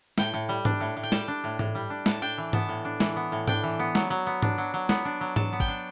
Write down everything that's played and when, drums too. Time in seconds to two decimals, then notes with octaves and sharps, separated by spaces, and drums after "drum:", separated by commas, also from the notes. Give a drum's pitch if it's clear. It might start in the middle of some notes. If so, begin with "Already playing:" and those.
0.18 A2 G5, drum: snare
0.34 A2
0.49 G3
0.65 D4, drum: tom G#2
0.80 A2
0.97 A2
1.03 G5
1.12 G3 A5, drum: snare
1.28 D4
1.44 A2
1.59 A2, drum: tom G#2
1.75 G3
1.90 D4
2.06 A2 A5, drum: snare
2.22 D4 G5
2.38 E3
2.53 B3 A5, drum: tom G#2
2.69 A2
2.85 D4
3.00 E3, drum: snare
3.16 B3
3.32 A2
3.48 D4 G5, drum: tom G#2
3.63 E3
3.79 B3
3.95 F#3, drum: snare
4.10 F#3
4.27 B3
4.42 D4, drum: tom G#2
4.58 F#3
4.74 F#3
4.89 B3, drum: snare
5.05 D4
5.21 F#3
5.36 F#3 A5, drum: tom G#2
5.53 B3
5.60 G5, drum: kick, tambourine
5.68 D4